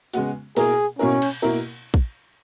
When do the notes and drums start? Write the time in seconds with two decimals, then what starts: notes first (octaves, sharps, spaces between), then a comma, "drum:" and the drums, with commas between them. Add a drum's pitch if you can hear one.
0.13 C#3 G#3 B3 F#4, drum: hi-hat
0.56 B2 A#3 E4 G#4 A#4, drum: open hi-hat
0.99 B2 A#3 C#4 E4 A#4
1.22 drum: cymbal
1.42 B2 A#3 E4 A#4
1.94 drum: kick